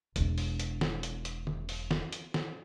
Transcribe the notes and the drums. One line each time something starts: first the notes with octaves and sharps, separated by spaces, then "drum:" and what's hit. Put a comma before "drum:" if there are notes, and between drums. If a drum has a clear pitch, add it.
E1 D4, drum: hi-hat
drum: open hi-hat
drum: hi-hat
drum: snare
drum: hi-hat
drum: hi-hat
drum: tom
drum: open hi-hat
drum: snare
drum: hi-hat
drum: snare